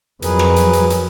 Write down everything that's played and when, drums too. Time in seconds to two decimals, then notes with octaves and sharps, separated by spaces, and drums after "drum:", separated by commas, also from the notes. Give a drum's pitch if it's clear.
0.22 F2 F#3 G#4 A#4 B4, drum: hi-hat
0.39 drum: rim click
0.56 drum: hi-hat
0.73 drum: hi-hat
0.90 drum: hi-hat